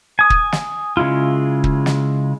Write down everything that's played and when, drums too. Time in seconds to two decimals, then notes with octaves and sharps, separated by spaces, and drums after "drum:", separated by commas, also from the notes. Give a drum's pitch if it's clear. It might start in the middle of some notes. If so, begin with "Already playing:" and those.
0.19 G#5 D#6
0.30 drum: kick
0.52 drum: snare
0.97 C#3 G#3 E4 F4
1.64 drum: kick
1.86 drum: snare